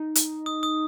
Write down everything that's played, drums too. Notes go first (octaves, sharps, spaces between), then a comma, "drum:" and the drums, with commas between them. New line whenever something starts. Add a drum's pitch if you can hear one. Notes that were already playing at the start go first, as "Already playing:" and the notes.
Already playing: D#4
drum: hi-hat
D#6
D#6